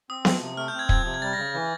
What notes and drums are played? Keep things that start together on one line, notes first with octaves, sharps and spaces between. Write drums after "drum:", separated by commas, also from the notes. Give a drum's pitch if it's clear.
C4 D#6
F3 D#6, drum: snare B3
C3
A3 F6
G6
C4 G#6
F3 G#6, drum: kick
C3
G#6
G3 A6
A#6
C#3
E3